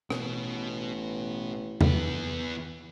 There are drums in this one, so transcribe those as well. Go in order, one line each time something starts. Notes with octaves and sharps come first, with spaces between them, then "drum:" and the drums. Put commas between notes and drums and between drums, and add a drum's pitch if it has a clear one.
A1 B2, drum: rim click
E2 B4, drum: tom E2